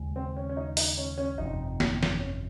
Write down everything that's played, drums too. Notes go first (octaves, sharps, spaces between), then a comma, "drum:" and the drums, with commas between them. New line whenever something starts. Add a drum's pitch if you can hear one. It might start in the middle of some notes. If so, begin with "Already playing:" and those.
Already playing: D#2 C#3 G#3
C4
C#4
C#4
D#4
D#4, drum: open hi-hat
C#4
C#4
G1 F2 C3 D#4
drum: snare
drum: snare
C#4